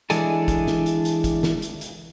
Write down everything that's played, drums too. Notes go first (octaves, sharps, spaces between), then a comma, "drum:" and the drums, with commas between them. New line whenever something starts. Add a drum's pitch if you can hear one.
E3 G#3 D4 A4 G#5, drum: hi-hat
drum: kick, hi-hat
drum: snare
drum: hi-hat
drum: hi-hat
drum: kick, hi-hat
drum: snare
drum: hi-hat
drum: hi-hat